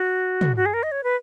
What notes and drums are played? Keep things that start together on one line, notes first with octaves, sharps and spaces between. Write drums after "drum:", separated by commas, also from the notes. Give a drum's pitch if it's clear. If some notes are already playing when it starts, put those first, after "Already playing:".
Already playing: F#4
drum: tom
F#4
G#4
A#4
D#5
C#5
B4